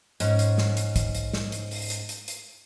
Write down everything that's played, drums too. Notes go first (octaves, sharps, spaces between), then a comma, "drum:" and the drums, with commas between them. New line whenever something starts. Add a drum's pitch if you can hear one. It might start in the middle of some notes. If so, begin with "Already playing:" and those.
G#2 C#4, drum: hi-hat
drum: hi-hat
drum: snare
drum: hi-hat
drum: kick, hi-hat
drum: hi-hat
drum: snare
drum: hi-hat
drum: open hi-hat
drum: hi-hat
drum: hi-hat
drum: hi-hat